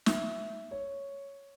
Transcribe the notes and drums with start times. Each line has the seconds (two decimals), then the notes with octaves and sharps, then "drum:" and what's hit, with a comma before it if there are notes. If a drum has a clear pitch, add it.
0.06 E5, drum: snare
0.71 C#5